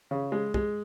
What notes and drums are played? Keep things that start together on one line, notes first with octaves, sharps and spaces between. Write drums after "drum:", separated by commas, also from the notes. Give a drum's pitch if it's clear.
C#3
G#3
G#3, drum: kick